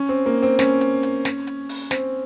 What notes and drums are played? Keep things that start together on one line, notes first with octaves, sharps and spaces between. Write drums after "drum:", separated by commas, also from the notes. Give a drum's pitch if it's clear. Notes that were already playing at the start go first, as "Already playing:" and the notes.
Already playing: C#4
C4
A#3
C4
C#4, drum: snare
drum: hi-hat
drum: hi-hat
drum: snare
drum: hi-hat
drum: open hi-hat
C4, drum: snare